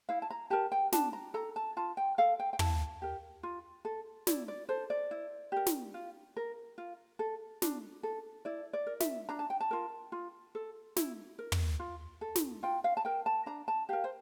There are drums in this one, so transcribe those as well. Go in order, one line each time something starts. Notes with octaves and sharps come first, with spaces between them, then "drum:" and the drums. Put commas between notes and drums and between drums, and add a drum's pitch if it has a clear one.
E4 F5
A5
A#5
G4 A#4 A5
G5
D4 A5, drum: snare
A#5
A4 A#5
A5
F4 A5
G5
A4 F5
G5
G5
E4 A5, drum: tom
G4 A#4
F4
A4
E4 D5, drum: snare
D5
A4 C5
D5
E4
G4 A#4
drum: snare
F4
A#4
F4
A4
D4, drum: snare
A4
E4 D5
D5
A#4
E5, drum: snare
D4 A#5
A5
G5
A5
F4 A#4
F4
A4
E4, drum: snare
A#4
drum: tom
F4
A4
drum: snare
F4 G5
F5
A5
A#4 G5
A5
D4 A#5
A5
G4 A#4 F5
C5